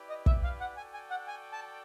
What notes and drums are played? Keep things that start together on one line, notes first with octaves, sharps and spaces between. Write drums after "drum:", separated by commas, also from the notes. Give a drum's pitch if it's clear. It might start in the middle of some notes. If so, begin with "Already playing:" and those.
Already playing: E4 G4 B4 D5
D#5
E5, drum: kick
F5
F#5
F#4 A4 D5 G5 G#5
G#5
F#5
G#5
A5